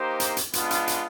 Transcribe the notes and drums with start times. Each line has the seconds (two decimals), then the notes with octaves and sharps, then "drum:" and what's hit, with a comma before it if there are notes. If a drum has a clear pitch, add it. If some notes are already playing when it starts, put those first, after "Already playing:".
Already playing: A#3 D#4 G4 C5
0.20 drum: hi-hat
0.37 drum: hi-hat
0.53 G#3 B3 D4 F4, drum: hi-hat
0.71 drum: hi-hat
0.88 drum: hi-hat